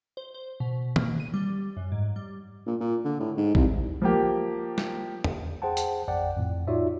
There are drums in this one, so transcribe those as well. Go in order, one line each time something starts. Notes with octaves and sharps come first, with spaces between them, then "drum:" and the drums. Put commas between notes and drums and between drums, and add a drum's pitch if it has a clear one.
C5
C5
B2
A#3, drum: tom
D#7
G3
F#2
G#2
G3
A#2
A#2
D3
A2
G#2
C2, drum: kick A1
F3 A#3 G4
drum: snare
drum: tom E2
G#4 C5 F#5 G5 A5
drum: hi-hat
A1 F2 D5 F#5 G5
F2 A2
D#4 F4 F#4 C#5 D5 E5